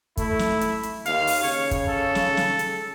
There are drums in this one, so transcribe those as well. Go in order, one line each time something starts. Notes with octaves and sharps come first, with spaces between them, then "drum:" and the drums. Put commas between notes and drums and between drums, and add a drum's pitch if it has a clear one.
A3 E4, drum: kick, hi-hat
drum: snare
drum: hi-hat
drum: hi-hat
D#2 F5, drum: hi-hat
drum: open hi-hat
C#3 C#5
drum: kick, hi-hat
A4
drum: snare
drum: snare
drum: hi-hat